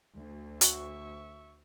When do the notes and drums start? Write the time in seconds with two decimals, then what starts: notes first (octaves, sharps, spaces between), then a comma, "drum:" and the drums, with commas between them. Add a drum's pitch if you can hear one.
0.17 D2
0.61 F#4 E5 C#6, drum: hi-hat